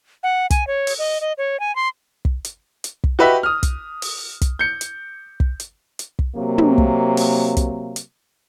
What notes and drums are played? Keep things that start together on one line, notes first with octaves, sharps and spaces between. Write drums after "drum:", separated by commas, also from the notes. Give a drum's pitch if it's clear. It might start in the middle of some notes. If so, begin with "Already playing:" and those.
F#5
G#5, drum: kick, hi-hat
C#5
drum: open hi-hat
D#5
D#5
C#5
G#5
C6
drum: kick
drum: hi-hat
drum: hi-hat
drum: kick
F#4 G4 B4 D#5 E5
D#6 F6
drum: kick, hi-hat
drum: open hi-hat
drum: kick, hi-hat
G6 C#7
drum: hi-hat
drum: kick
drum: hi-hat
drum: hi-hat
drum: kick
C3 F#3 A#3
drum: tom
drum: kick
drum: open hi-hat
drum: kick, hi-hat
drum: hi-hat